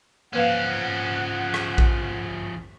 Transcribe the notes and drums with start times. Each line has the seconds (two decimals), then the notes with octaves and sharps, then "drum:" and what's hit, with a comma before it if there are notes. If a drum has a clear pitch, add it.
0.33 F3 A#3 C#4 B4 F5 F#5
1.54 drum: rim click
1.78 drum: kick A#1